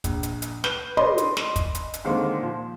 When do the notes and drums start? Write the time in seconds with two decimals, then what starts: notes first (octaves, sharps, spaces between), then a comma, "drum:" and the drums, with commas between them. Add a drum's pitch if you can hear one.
0.04 A#1, drum: kick, hi-hat
0.23 drum: hi-hat
0.42 drum: hi-hat
0.64 B4 G6 G7, drum: snare
0.97 D5 D#5 B5 C6, drum: tom
1.18 drum: hi-hat
1.37 drum: snare
1.56 drum: kick, hi-hat
1.75 drum: hi-hat
1.94 drum: hi-hat
2.05 D3 D#3 G#3 A#3 C4
2.39 A#2 F3